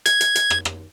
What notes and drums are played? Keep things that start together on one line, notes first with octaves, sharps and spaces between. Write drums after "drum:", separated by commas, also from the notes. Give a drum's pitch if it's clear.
G#6, drum: hi-hat
drum: hi-hat
drum: hi-hat
drum: rim click
drum: rim click